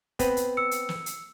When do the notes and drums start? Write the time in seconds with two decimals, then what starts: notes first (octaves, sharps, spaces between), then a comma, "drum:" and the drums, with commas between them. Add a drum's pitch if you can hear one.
0.19 B3 C4 B4, drum: kick, hi-hat
0.37 drum: hi-hat
0.57 E6 C#7
0.71 drum: hi-hat
0.89 drum: snare
1.06 drum: hi-hat